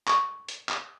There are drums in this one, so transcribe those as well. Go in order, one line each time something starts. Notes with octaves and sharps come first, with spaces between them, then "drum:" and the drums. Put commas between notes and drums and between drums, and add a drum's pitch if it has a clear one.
C#6, drum: clap
drum: hi-hat
drum: clap